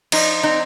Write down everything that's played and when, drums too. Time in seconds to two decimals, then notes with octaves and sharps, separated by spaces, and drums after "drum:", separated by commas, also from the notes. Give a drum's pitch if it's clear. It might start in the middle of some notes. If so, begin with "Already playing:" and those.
0.12 F3 D#4, drum: cymbal
0.43 C4 D#4